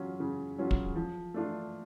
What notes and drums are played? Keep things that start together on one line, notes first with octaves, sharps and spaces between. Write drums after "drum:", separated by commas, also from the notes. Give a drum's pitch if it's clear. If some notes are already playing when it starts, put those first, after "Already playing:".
Already playing: C#3 F#3 C#4 F4
C#3
F#3 C#4 F4
drum: kick
F3
A3 D4 F4